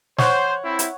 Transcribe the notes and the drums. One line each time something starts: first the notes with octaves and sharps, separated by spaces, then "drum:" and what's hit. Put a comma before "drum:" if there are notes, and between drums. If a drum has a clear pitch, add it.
C5 C#5 F#5, drum: snare
C4 E4
drum: hi-hat